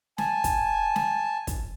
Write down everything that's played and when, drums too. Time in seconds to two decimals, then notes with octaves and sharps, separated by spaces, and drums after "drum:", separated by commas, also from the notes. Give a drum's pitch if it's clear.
0.18 G#5 A5, drum: snare
0.44 drum: kick, hi-hat
0.96 drum: snare
1.47 drum: kick, hi-hat